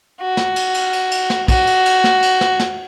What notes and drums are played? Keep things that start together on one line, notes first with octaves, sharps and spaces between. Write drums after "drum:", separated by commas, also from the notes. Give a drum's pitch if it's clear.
F#4
drum: snare
drum: cymbal
drum: cymbal
drum: cymbal
drum: cymbal
drum: snare
F#4, drum: kick, cymbal
drum: cymbal
drum: cymbal
drum: snare
drum: cymbal
drum: snare
drum: snare